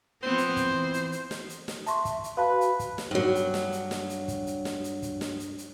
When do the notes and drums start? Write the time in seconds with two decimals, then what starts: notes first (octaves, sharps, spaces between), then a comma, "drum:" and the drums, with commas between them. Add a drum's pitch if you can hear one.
0.23 F3 B3 C4 C5
0.38 drum: hi-hat
0.56 drum: kick, hi-hat
0.66 E3
0.94 drum: hi-hat
1.12 drum: hi-hat
1.31 drum: snare
1.49 drum: hi-hat
1.68 drum: snare
1.87 E5 A5 C6 C#6, drum: hi-hat
2.05 drum: kick, hi-hat
2.24 drum: hi-hat
2.37 F#4 B4 F5 A5
2.61 drum: hi-hat
2.79 drum: kick, hi-hat
2.98 drum: snare
3.11 G2 F#3
3.35 drum: hi-hat
3.54 drum: snare
3.72 drum: hi-hat
3.91 drum: snare
4.10 drum: hi-hat
4.28 drum: kick, hi-hat
4.47 drum: hi-hat
4.65 drum: snare
4.84 drum: hi-hat
5.02 drum: kick, hi-hat
5.21 drum: snare
5.40 drum: hi-hat
5.58 drum: hi-hat